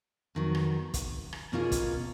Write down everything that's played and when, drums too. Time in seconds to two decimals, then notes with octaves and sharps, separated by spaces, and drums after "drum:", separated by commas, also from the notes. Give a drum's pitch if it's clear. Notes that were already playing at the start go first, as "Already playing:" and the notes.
0.35 F2 D#3 F#3 B3
0.55 drum: rim click
0.94 drum: kick, hi-hat
1.33 drum: rim click
1.52 B2 A#3 C#4 F4 G#4
1.72 drum: kick, hi-hat